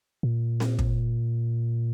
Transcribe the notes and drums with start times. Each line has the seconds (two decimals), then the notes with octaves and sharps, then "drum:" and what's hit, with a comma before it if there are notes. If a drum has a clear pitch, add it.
0.23 A#2
0.60 drum: snare C4
0.79 drum: kick